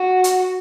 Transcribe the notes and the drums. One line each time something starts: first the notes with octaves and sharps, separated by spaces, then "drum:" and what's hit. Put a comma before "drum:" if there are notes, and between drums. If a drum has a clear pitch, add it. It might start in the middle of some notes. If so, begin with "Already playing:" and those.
Already playing: F#4
drum: hi-hat